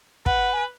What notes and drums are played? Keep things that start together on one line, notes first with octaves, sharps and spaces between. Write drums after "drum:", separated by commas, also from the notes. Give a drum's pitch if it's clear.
B4 F#5, drum: kick
G#5